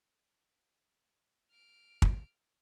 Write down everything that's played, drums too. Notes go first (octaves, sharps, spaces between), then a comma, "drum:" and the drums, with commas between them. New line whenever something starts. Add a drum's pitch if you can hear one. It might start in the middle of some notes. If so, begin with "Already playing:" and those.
F6 D7
drum: kick